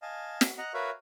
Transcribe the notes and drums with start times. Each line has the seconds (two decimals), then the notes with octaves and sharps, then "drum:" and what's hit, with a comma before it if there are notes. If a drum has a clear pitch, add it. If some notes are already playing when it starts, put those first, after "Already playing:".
0.02 D#5 F5 G#5 A5
0.41 drum: snare
0.58 D#5 F#5 A#5
0.74 F#4 A#4 B4 C#5 E5 F5